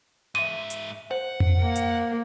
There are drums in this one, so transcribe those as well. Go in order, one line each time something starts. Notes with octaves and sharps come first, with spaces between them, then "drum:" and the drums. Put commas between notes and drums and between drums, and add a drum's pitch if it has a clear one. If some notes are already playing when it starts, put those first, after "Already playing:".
G#2 E5 D#7
drum: hi-hat
C5 F#5
drum: tom F2
A#3
drum: hi-hat